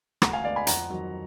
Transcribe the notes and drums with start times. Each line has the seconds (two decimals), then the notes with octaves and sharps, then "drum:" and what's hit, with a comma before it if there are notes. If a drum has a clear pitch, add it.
0.22 D2 F#5 A#5, drum: rim click
0.33 F5 G#5
0.44 D3 G#3 B3 D5 F5
0.56 G#5 B5
0.67 F2 F#5 A#5, drum: hi-hat
0.90 D#3 F#3